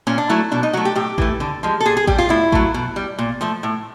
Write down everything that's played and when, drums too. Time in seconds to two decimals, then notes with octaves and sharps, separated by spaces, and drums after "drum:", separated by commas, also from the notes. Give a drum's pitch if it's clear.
0.07 A#2 C#4
0.18 D4
0.29 F#3 A3 E4
0.51 B2 D4
0.63 D#4
0.73 F#3 A3 F#4
0.85 G4
0.96 A2 G4
1.18 E3 A3, drum: kick A1
1.40 D3
1.63 F3 G#3
1.80 A4
1.86 A#2 G#4
1.97 G#4
2.07 G3 G4, drum: kick A1
2.18 F4
2.29 A2 E4
2.52 F#3 A3, drum: kick A1
2.74 B2
2.96 G3
3.18 A#2
3.41 F3 A3
3.63 A2